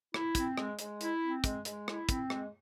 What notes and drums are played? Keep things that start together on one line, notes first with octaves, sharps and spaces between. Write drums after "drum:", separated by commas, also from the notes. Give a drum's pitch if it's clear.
E4, drum: rim click
C4, drum: kick, hi-hat
G#3, drum: rim click
G#3, drum: hi-hat
E4, drum: hi-hat
C4
G#3, drum: kick, hi-hat
G#3, drum: hi-hat
E4, drum: rim click
C4, drum: kick, hi-hat
G#3, drum: rim click